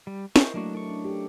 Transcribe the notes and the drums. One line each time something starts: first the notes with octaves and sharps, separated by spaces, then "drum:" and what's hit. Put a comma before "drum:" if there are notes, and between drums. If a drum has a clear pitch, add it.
G3
E4 A#4 C5 D#5 C#6, drum: snare
F#3 A3 A#3 D4 F#4
D4 C#6
C#4
G4 A4